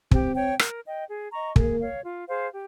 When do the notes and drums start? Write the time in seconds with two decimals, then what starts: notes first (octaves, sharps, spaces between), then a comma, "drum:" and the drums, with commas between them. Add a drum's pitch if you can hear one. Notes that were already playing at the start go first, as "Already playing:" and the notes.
0.11 C4 G4, drum: kick
0.35 C#5 G5
0.59 A#4, drum: rim click
0.84 D#5 G5
1.07 G#4
1.32 D#5 A#5 C#6
1.56 A#3 G#4, drum: kick
1.80 C#5 F5
2.04 F4
2.27 G#4 C5 F5
2.52 G4